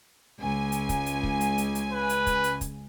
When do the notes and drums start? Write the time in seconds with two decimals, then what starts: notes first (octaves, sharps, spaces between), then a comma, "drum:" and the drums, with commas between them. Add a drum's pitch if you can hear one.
0.40 C#2 G#5
0.72 drum: hi-hat
0.89 drum: kick, hi-hat
1.06 drum: hi-hat
1.23 drum: kick
1.41 drum: hi-hat
1.58 drum: hi-hat
1.75 drum: hi-hat
1.92 B4
2.09 drum: hi-hat
2.27 drum: kick, hi-hat
2.44 drum: hi-hat
2.61 drum: kick, hi-hat